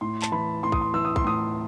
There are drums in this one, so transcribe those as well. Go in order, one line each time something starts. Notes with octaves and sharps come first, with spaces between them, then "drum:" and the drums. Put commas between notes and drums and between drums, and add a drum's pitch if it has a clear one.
A2 C6
A5, drum: clap
E3 B5
A2 C6
D#6, drum: kick
C6
E3 E6
D#6
C6, drum: kick
A2 D#6